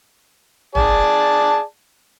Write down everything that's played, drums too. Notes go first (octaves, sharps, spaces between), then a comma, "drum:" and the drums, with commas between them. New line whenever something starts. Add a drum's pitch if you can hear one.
G#4 D5 A5, drum: tom